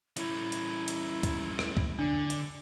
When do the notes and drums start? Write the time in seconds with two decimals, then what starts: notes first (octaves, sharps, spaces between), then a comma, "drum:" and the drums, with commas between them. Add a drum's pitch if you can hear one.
0.17 G3 C#4 E4, drum: hi-hat
0.52 drum: hi-hat
0.88 drum: hi-hat
1.23 drum: kick, hi-hat
1.59 drum: rim click
1.77 drum: kick
1.99 D3 D4
2.30 drum: hi-hat